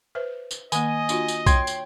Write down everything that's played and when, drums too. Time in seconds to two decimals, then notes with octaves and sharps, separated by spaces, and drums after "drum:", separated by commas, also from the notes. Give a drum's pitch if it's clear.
0.15 B4 C5 E5
0.51 drum: tambourine
0.72 D#3 A#3 D#5 G#5 D#6 G#6, drum: tambourine
1.09 D4 F4 F#4, drum: tambourine
1.28 drum: tambourine
1.46 C#5 G5 C6 G#6, drum: kick B1, tambourine
1.67 drum: tambourine